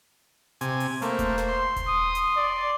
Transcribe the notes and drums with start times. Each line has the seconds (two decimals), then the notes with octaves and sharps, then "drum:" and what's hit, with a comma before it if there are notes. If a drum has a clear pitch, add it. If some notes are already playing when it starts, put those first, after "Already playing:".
0.61 C3 G#5, drum: hi-hat
0.80 drum: open hi-hat
1.02 A3 A#3 C5, drum: hi-hat
1.19 drum: kick E1, hi-hat
1.38 drum: snare
1.48 C6
1.76 drum: kick E1, hi-hat
1.88 D#6
2.15 drum: hi-hat
2.37 D5